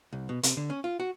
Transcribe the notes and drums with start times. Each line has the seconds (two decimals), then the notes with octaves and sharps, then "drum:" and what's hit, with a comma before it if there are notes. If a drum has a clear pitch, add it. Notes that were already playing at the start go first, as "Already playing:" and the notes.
0.13 C2
0.29 B2
0.43 C3, drum: hi-hat
0.57 D3
0.70 C#4
0.84 F4
1.00 F#4